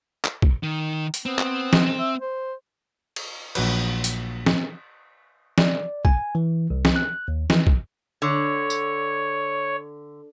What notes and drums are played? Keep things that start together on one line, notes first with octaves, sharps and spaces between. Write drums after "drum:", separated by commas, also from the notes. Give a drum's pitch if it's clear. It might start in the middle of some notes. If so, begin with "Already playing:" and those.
drum: clap
drum: kick
D#3
drum: hi-hat
B3 C4
drum: clap
drum: snare
E5
C5
drum: cymbal
A#1 F#3 B4, drum: cymbal
drum: hi-hat
drum: snare
D5, drum: snare
G#5, drum: kick
E3
C2
drum: snare
F#6
D#2
E3, drum: snare
drum: kick
D3 C#5
drum: tambourine